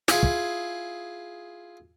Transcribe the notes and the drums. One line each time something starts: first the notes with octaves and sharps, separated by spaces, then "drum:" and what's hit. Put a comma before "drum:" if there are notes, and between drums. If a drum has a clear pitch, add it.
E4 F4 G#4, drum: snare
drum: kick